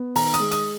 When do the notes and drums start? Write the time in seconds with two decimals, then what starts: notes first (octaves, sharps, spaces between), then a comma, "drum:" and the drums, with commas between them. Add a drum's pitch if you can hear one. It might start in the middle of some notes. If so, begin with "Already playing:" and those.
Already playing: B3
0.15 D#3 A#5, drum: open hi-hat
0.34 D#6, drum: hi-hat
0.40 G#3
0.51 D#6, drum: hi-hat